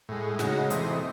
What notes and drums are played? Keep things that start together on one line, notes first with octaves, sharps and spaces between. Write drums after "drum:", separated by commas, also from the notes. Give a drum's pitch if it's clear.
A2 G#3
C#3 G#3 D#4 F#4, drum: snare
C3 E3 A3 C5 D#5, drum: hi-hat
D#5